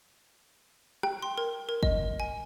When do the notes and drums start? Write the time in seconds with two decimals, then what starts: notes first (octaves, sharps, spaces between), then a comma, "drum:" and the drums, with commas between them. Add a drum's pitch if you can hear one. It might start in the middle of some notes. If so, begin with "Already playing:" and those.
1.03 G5, drum: rim click
1.22 C6
1.38 A#4
1.69 A#4
1.83 D#5, drum: kick
2.20 G#5